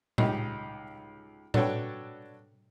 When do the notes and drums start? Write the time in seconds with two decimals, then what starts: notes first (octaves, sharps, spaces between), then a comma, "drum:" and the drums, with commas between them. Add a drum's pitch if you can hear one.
0.18 C#2 D#4 G4, drum: tom A#2
1.54 D4 F#4 A4 B4 C#5 G5, drum: tom A#2